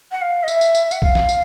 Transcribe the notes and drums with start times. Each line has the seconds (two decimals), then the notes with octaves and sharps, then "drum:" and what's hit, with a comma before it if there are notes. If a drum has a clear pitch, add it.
0.11 F#5
0.21 F5
0.43 D#5
0.48 E5, drum: tambourine
0.61 drum: tambourine
0.75 drum: tambourine
0.91 F#5, drum: tambourine
1.02 F5, drum: kick A#1
1.15 drum: snare
1.29 drum: tambourine